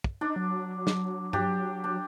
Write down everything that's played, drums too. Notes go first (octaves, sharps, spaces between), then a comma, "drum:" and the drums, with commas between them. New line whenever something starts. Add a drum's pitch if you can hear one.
drum: kick
D4 D#4
F#3
drum: snare
D4 G4, drum: tom G2
D4